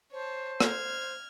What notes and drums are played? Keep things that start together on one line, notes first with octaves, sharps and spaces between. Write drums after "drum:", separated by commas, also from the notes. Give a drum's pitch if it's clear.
C5 C#5 A5
F6 G#6, drum: rim click